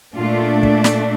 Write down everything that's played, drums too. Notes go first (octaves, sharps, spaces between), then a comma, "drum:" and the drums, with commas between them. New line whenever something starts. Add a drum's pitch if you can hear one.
A#2 A3 D4 F4
drum: kick
drum: snare